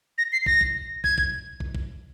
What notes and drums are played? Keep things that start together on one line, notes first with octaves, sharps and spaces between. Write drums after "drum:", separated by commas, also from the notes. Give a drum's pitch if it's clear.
A#6
C7
A#6, drum: kick
drum: kick
G#6, drum: kick
drum: kick
drum: kick
drum: kick